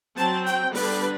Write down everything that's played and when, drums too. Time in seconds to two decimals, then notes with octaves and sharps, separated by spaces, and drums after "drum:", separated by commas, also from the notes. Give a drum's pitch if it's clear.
0.17 F#3 C4 A5, drum: hi-hat
0.46 G5, drum: hi-hat
0.75 D3 G3 B3 D4 B4, drum: open hi-hat